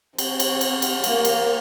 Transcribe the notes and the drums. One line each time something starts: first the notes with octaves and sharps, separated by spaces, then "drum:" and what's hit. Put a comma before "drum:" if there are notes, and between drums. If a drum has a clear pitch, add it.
C4, drum: cymbal
drum: cymbal
drum: cymbal
drum: cymbal
A#3, drum: cymbal
drum: cymbal